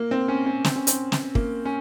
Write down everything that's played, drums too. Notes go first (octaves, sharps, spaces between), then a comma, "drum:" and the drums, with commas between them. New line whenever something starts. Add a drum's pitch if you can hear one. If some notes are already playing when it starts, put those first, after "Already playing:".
Already playing: A#3
C4
C#4
C#4
C4, drum: snare
C#4
C4, drum: hi-hat
drum: snare
A#3, drum: kick
C#4